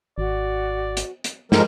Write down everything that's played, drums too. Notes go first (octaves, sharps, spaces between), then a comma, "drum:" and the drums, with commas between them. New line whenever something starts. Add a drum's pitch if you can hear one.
G#1 F#4 D5
drum: hi-hat
drum: hi-hat
G2 F3 G3 G#3 A#4, drum: snare